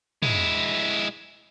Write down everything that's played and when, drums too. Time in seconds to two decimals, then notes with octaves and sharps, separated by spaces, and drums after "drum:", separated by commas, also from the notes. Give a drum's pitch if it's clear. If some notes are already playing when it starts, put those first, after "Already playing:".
0.22 G#3 E4, drum: tom